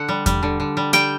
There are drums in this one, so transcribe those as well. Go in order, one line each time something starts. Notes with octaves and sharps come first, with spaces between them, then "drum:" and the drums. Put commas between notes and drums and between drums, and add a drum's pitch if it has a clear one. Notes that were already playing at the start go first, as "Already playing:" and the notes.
Already playing: D3 F#5
G3
G3, drum: kick E2, hi-hat
D3
D3
G3
G3 G5, drum: hi-hat